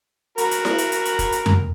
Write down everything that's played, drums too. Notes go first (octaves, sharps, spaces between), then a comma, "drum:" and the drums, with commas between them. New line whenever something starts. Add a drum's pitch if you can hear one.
F#4 A#4 B5, drum: hi-hat
drum: hi-hat
drum: snare E4
drum: hi-hat
drum: hi-hat
drum: hi-hat
drum: kick, hi-hat
drum: hi-hat
drum: tom F2